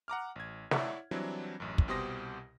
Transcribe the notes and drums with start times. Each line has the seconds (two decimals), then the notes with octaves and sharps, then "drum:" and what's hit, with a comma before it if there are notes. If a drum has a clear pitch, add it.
0.08 F#5 A#5 D6 F6
0.36 A1 G#6
0.71 E4 C#5 D5 E5 F#5, drum: snare
1.11 E3 F#3 G3 C4 D4 E4
1.60 A1 F#2
1.78 drum: kick
1.88 C2 B2 G4 C5 D#6 A#6